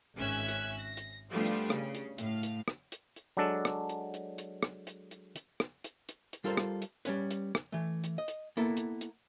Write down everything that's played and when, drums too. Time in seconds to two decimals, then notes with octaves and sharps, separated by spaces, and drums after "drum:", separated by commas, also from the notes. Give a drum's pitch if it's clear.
0.17 G#1 C#4 E5 G#5 F#6 G#6
0.48 drum: hi-hat
0.78 A#6
0.97 drum: hi-hat
1.30 F3 G3 A3 B3 D4 F4
1.46 drum: hi-hat
1.70 C#3, drum: rim click
1.95 drum: hi-hat
2.18 A2 F5, drum: hi-hat
2.43 drum: hi-hat
2.68 drum: rim click
2.92 drum: hi-hat
3.16 drum: hi-hat
3.37 F#3 G#3 D4 A4
3.65 drum: rim click
3.89 drum: hi-hat
4.14 drum: hi-hat
4.38 drum: hi-hat
4.63 drum: rim click
4.87 drum: hi-hat
5.11 drum: hi-hat
5.36 drum: hi-hat
5.60 drum: rim click
5.84 drum: hi-hat
6.09 drum: hi-hat
6.33 drum: hi-hat
6.44 G3 F4 A4 A#4 C5
6.57 drum: rim click
6.82 drum: hi-hat
7.05 G3 C#4 B4, drum: hi-hat
7.31 drum: hi-hat
7.55 drum: rim click
7.72 E3 A3
8.04 drum: hi-hat
8.18 D#5
8.28 drum: hi-hat
8.57 A#3 B3 E4 A4
8.77 drum: hi-hat
9.01 drum: hi-hat